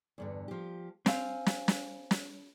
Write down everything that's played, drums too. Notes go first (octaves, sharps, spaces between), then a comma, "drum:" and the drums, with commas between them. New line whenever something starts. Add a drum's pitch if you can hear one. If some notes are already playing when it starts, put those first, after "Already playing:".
E2 G2 D3
F3 G4
C4 F5 G#5, drum: snare
drum: snare
drum: snare
drum: snare